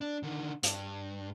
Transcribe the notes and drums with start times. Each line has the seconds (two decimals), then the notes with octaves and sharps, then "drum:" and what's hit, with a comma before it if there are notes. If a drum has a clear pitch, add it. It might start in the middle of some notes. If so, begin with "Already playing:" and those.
0.01 D4
0.23 D3 D#3
0.63 G2, drum: hi-hat